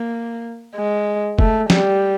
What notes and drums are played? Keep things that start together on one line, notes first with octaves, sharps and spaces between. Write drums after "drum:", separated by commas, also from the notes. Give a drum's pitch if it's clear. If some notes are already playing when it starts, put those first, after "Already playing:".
Already playing: A#3
G#3
A3, drum: kick
G3, drum: snare